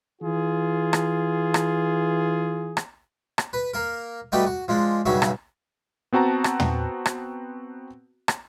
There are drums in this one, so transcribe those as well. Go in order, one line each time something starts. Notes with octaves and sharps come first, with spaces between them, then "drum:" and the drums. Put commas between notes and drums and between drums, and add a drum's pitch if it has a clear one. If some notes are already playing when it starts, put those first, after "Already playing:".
E3 F4 G#4
drum: rim click
drum: rim click
drum: rim click
drum: rim click
B4
A#3 A#4
G3 A3 D#4 F#4 G4 B4
F#4
F3 G#3 D4
B1 G2 C#3 F#3 F#4 E5
drum: rim click
B3 C4 F#4 A5 A#5
drum: rim click
drum: tom
drum: rim click
drum: rim click